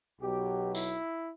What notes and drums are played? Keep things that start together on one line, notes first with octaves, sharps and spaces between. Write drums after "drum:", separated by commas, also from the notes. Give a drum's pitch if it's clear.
B1 B2 F#3 G4
E4, drum: tambourine